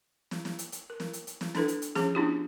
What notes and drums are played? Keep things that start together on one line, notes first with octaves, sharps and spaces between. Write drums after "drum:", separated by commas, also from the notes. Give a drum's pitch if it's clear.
drum: snare
drum: snare
drum: hi-hat
drum: hi-hat
A#4
drum: snare
drum: hi-hat
drum: hi-hat
drum: snare
D4 E4 A4 B4, drum: snare
drum: hi-hat
drum: hi-hat
F3 C#4 G#4, drum: snare
B3 C#4 D4 E4 F4 G4